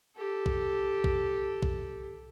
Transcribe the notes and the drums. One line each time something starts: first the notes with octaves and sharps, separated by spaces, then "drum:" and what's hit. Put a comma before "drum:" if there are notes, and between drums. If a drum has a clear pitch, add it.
G4 A4
drum: kick
drum: kick
drum: kick